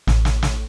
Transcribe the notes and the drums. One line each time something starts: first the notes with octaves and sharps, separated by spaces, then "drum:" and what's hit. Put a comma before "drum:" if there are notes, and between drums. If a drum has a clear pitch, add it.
A1, drum: snare
drum: snare
drum: snare